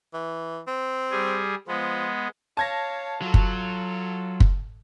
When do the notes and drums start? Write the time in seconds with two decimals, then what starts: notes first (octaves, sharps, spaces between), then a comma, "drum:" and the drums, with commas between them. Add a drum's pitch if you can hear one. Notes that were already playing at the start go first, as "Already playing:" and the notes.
0.14 E3
0.67 C4
1.11 G3 G#4
1.68 F3 G#3 B3
2.57 C#5 F5 A5 G#6 A#6
3.22 F#3 F4 A4
3.34 drum: kick
4.40 drum: kick